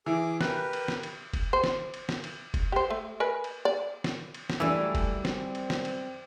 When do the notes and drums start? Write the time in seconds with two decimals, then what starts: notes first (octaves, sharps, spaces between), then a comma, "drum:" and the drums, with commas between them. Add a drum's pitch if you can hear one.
0.06 E3 G#4 D6
0.41 G4 A#4 B4 F#6, drum: snare
0.73 drum: cymbal
0.88 drum: snare
1.03 drum: cymbal
1.33 drum: kick F1, cymbal
1.53 C5
1.64 drum: snare
1.94 drum: cymbal
2.09 drum: snare
2.24 drum: cymbal
2.54 drum: kick F1, cymbal
2.72 G4 C5
2.90 A3
3.20 A#4 B4 G#5
3.44 drum: cymbal
3.65 D5
4.04 drum: snare
4.34 drum: cymbal
4.50 drum: snare
4.60 F#2 E3 G3 A3 D4
4.95 drum: kick F1, cymbal
5.25 C4, drum: snare
5.55 drum: cymbal
5.70 drum: snare
5.85 drum: cymbal